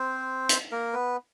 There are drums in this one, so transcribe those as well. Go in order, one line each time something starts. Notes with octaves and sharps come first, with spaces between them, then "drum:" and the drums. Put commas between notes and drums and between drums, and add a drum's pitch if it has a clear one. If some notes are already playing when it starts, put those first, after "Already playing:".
Already playing: C4 C5
drum: hi-hat
A#3 A#4
B3 B4